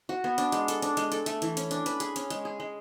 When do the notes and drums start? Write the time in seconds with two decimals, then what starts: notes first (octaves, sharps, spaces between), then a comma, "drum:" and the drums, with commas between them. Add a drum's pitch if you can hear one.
0.09 F#4
0.24 B3
0.38 D4, drum: hi-hat
0.52 G#3, drum: hi-hat
0.68 A4, drum: hi-hat
0.82 D4, drum: hi-hat
0.97 G#3, drum: hi-hat
1.12 A4, drum: hi-hat
1.26 A3, drum: hi-hat
1.42 E3, drum: hi-hat
1.57 C#4, drum: hi-hat
1.71 D4, drum: hi-hat
1.86 B4, drum: hi-hat
2.00 G#4, drum: hi-hat
2.16 C#4, drum: hi-hat
2.30 G#3, drum: hi-hat
2.45 G#4
2.60 G#3